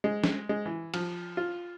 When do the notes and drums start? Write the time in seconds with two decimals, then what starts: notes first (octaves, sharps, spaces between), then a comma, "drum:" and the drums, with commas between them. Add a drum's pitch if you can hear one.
0.04 G#3
0.24 drum: snare
0.49 G#3
0.66 E3
0.94 F3, drum: cymbal
1.37 F4